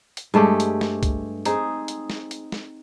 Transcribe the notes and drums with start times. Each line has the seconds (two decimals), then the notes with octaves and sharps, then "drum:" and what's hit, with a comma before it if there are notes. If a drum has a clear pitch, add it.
0.17 drum: hi-hat
0.34 G2 G#3 A3 G4
0.60 drum: hi-hat
0.81 drum: snare
1.03 drum: kick C2, hi-hat
1.45 C4 D#4 G#4, drum: hi-hat
1.88 drum: hi-hat
2.10 drum: snare
2.31 drum: hi-hat
2.52 drum: snare